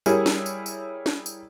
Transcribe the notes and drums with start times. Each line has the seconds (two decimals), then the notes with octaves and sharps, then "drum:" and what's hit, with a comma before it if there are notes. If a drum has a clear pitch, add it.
0.06 G3 E4 G#4 A#4 C#5, drum: tambourine
0.26 drum: snare
0.46 drum: tambourine
0.66 drum: tambourine
1.06 drum: snare
1.26 drum: tambourine